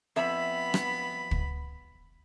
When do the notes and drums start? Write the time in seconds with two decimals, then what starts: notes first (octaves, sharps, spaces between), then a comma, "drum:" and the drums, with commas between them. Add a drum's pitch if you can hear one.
0.16 F2 B3 E5 B5
0.74 drum: rim click
1.31 drum: kick